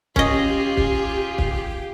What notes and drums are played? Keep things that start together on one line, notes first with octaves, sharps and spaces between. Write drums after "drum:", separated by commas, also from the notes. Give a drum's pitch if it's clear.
C#4 F4 G4 G#4 D#5, drum: kick
drum: kick
drum: kick